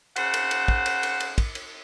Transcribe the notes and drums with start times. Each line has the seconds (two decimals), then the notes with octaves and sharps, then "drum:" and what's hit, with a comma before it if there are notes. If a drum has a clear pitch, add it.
0.16 C#3 C5 F#5, drum: cymbal
0.34 drum: cymbal
0.51 drum: cymbal
0.68 drum: kick
0.86 drum: cymbal
1.03 drum: cymbal
1.20 drum: cymbal
1.38 drum: kick, cymbal
1.55 drum: cymbal